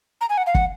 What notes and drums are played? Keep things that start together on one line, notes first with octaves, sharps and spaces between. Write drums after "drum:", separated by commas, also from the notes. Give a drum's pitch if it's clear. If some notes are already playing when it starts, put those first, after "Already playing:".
A#5
G#5
F#5
F5
F#5, drum: kick